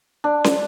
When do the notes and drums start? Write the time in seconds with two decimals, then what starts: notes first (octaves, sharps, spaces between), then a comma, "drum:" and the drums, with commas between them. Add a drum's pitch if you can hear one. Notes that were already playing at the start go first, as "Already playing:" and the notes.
0.24 D4
0.44 drum: snare